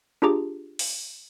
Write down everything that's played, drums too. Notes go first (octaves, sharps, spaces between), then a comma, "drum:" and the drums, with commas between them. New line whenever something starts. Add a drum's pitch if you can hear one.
D4 F4 G4 G#4 A#5 D6
drum: open hi-hat